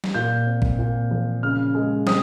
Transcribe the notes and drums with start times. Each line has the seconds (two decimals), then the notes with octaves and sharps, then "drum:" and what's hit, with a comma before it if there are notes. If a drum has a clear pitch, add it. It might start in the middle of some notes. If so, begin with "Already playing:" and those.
0.04 drum: snare
0.14 A#2 G6
0.46 C4
0.62 drum: kick A1
0.79 A#2
1.11 F3
1.43 C#3 F6
1.75 G#3
2.07 C4 D#6, drum: snare